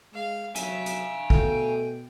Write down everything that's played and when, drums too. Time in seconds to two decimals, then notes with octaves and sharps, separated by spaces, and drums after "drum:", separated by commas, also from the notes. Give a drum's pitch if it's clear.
0.14 G#3 F5
0.55 F#3 E5 F5 G#5, drum: hi-hat
0.86 drum: hi-hat
1.30 B2 A3 G5, drum: kick